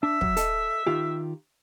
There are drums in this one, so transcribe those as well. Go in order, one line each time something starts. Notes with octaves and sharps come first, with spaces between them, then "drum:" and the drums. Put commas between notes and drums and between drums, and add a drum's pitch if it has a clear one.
D4 E5
F#3, drum: kick
A4 D#5, drum: hi-hat
D#3 F4 G4